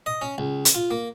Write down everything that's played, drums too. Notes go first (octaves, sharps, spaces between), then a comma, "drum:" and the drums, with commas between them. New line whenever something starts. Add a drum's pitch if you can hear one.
D#5
C#4
C#2
drum: hi-hat
F4
A#3